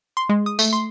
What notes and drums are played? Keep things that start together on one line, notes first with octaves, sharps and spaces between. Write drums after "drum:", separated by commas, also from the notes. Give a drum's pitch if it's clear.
C6
G#3
D#6
A3, drum: tambourine
C6